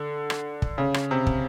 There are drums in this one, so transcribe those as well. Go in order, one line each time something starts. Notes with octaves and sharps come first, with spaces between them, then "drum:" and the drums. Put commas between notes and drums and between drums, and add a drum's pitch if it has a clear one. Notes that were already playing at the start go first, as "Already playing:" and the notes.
Already playing: D3
drum: rim click
drum: kick
C#3
drum: rim click
C3
drum: kick